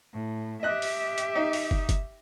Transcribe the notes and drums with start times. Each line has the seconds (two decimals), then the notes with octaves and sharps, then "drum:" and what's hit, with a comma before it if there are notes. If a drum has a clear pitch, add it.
0.13 A2
0.63 G4 D#5 E5 F#6
0.82 drum: open hi-hat
1.18 drum: hi-hat
1.35 D#4
1.53 drum: open hi-hat
1.71 drum: kick
1.89 drum: kick, hi-hat